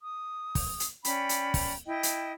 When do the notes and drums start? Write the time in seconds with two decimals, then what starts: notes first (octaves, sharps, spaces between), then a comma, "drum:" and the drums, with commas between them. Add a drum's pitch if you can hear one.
0.01 D#6
0.55 drum: kick, open hi-hat
0.80 drum: hi-hat
1.05 C#4 D5 G5 B5, drum: hi-hat
1.29 drum: hi-hat
1.54 drum: kick, open hi-hat
1.86 E4 D#5 G5
2.03 drum: hi-hat